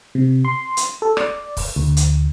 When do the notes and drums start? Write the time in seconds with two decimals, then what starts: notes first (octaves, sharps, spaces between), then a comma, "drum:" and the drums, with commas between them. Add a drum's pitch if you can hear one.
0.15 C3
0.45 C6
0.77 drum: hi-hat
1.02 A4
1.17 D5, drum: rim click
1.57 drum: kick, open hi-hat
1.76 D2
1.97 drum: hi-hat